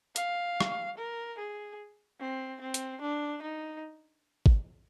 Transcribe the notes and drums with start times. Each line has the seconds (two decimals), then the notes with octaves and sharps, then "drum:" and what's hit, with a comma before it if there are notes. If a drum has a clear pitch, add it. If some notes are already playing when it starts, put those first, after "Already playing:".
0.16 F5, drum: hi-hat
0.60 drum: rim click
0.98 A#4
1.39 G#4
2.20 C4
2.61 C4
2.74 drum: hi-hat
3.02 D4
3.43 D#4
4.46 drum: kick G#1